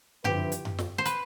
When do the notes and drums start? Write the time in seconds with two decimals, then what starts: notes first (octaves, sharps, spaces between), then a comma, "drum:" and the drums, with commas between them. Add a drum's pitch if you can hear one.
0.24 D3 F3 C4 E4 G4 B4, drum: tom F#2
0.52 drum: hi-hat
0.65 drum: tom F#2
0.78 drum: snare
0.98 C5
1.05 B4, drum: hi-hat